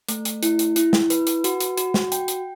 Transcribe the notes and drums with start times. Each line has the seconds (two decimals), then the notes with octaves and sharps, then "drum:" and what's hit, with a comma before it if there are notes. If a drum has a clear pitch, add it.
0.09 A3, drum: hi-hat
0.25 drum: hi-hat
0.43 E4, drum: hi-hat
0.59 drum: hi-hat
0.76 E4, drum: hi-hat
0.93 drum: snare
1.10 B4, drum: hi-hat
1.27 drum: hi-hat
1.44 F#4, drum: hi-hat
1.60 drum: hi-hat
1.78 F#4, drum: hi-hat
1.94 drum: snare
2.12 G5, drum: hi-hat
2.28 drum: hi-hat